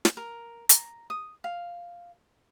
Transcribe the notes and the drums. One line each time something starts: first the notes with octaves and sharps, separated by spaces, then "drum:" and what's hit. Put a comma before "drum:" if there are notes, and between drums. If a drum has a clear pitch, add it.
drum: snare
A#4
A#5, drum: hi-hat
D#6
F5